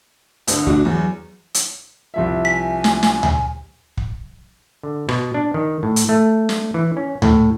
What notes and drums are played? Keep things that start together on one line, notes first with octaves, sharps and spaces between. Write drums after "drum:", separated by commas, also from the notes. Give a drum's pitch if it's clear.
C2 D3, drum: hi-hat
D2 D4 F#4
E2 F#3
drum: hi-hat
C2 F3 E5
G#5 B6
drum: snare
drum: snare
drum: tom D2
drum: kick
D3
B2, drum: rim click
D4
D#3
A2
drum: hi-hat
A3
drum: snare
E3
C#4
A2, drum: tom D2